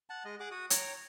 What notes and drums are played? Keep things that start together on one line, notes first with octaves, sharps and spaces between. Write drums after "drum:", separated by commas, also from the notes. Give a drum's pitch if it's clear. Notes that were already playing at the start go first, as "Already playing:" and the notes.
F#5 A5
G#3 D#5
G#4 F#5 D6
F#4 D#6
C#5 G5 A#5, drum: hi-hat